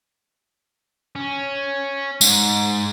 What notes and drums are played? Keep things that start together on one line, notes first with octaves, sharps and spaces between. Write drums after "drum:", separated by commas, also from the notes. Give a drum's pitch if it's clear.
C#4
G#2, drum: tambourine